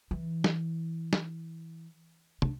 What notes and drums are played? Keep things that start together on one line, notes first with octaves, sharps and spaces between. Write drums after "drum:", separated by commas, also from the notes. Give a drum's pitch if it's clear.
E3
drum: snare
drum: snare
D4, drum: tom